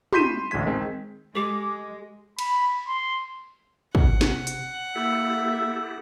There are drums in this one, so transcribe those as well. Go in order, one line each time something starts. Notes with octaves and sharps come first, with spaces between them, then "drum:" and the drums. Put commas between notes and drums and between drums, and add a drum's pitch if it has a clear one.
B5 C6 G6 B6 D#7 E7, drum: tom
A1 D2 G#3 G#6 B6
D#3 G#3 C4
G#3 G4 A4 D6
B5, drum: cymbal
C6
C3 F#5, drum: kick
drum: snare
drum: hi-hat
A#3 E4 G4 A4 E5